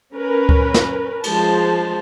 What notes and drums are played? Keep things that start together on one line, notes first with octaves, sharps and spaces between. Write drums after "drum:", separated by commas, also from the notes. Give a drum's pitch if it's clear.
C#4 A#4 B4
drum: kick C#2
drum: snare
F3 G#3 C5 A5, drum: cymbal